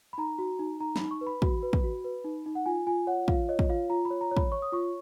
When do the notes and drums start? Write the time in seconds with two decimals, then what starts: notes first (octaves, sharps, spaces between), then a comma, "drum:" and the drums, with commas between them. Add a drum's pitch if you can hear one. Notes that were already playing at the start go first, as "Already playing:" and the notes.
0.13 B5
0.18 D#4 A#5
0.38 F#4
0.59 D#4
0.80 D#4 A#5
0.96 D#4 B5, drum: snare
1.11 C#6
1.21 B4
1.27 B5
1.42 F#4, drum: kick
1.63 B4
1.73 drum: kick
1.84 F#4
2.04 B4
2.24 D#4
2.46 D#4
2.55 F#5
2.66 F4 G#5
2.87 F4 G#5
3.07 C#5 F#5
3.28 F4 F5, drum: kick
3.49 C#5 D#5
3.59 drum: kick
3.69 F4 F5
3.90 F4 A#5
4.05 B5
4.10 C#5
4.21 A#5
4.31 C#5
4.37 B5, drum: kick
4.52 C#5 C#6
4.62 D#6
4.72 F4 C#6